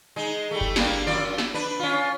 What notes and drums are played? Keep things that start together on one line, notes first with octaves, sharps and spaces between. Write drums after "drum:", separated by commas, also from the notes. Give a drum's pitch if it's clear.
G#3 D#4
G3 A3
drum: kick G1
G3 A#3 D4, drum: snare
F#2 F4 D5
drum: snare
D4 B4
C#4 F4